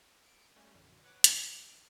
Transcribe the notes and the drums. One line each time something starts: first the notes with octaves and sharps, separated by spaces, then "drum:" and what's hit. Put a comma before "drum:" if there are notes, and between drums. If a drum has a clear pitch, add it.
C#7 D7
G3 A3 C#4
A#1 F#2 D3
B4 C#5 F#5 D6
D6 G6 A6 B6 D#7, drum: hi-hat